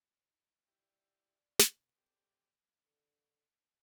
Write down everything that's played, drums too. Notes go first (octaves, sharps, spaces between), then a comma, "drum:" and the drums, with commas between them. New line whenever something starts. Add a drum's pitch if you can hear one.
G#3 D#4
E4 G4 D5
B2, drum: snare
G3 G#3 C4 G4 A4 D5
D3